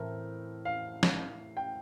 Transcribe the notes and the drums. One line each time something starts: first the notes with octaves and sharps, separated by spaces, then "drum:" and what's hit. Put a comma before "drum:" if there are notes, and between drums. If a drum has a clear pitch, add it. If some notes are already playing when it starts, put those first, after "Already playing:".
Already playing: A2 E3 A3 C4 E4 A#4
F5
drum: snare
G5